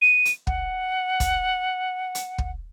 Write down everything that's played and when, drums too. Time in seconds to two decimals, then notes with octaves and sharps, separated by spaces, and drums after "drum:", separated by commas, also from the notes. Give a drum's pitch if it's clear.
0.02 D#7
0.25 drum: hi-hat
0.47 F#5, drum: kick
1.20 drum: kick, hi-hat
2.15 drum: hi-hat
2.38 drum: kick